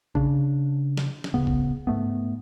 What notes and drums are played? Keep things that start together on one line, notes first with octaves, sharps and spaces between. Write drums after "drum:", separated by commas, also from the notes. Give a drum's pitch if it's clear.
C#3 D4, drum: kick A1
drum: snare
drum: snare
D1 C#3 B3
drum: kick A1
G#2 A3 B3